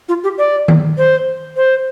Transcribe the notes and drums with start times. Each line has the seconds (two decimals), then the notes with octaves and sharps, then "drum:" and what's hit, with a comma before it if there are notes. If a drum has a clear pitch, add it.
0.09 F4
0.24 G4
0.38 D5
0.68 drum: tom D#3
0.98 C5
1.57 C5